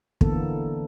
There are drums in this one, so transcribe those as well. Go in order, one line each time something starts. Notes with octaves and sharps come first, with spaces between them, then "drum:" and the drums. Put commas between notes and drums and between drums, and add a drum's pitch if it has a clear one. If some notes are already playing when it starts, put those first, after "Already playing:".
D3 E3 A#3 B3 A4, drum: kick